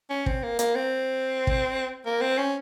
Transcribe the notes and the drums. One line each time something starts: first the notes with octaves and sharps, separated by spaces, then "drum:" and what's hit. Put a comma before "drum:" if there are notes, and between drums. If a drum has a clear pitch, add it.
C#4
C4, drum: kick
A#3
A#3, drum: hi-hat
C4
drum: kick
A#3
C4
C#4